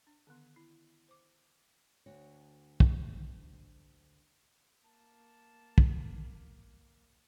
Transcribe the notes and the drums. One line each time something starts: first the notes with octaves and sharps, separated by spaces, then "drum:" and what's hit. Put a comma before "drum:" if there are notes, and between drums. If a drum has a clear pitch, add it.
D4
D3 D#3 B3 C6
E4
C5 D6
D2 D3 D4 F#4 C#5
drum: kick
A#3 A5
drum: kick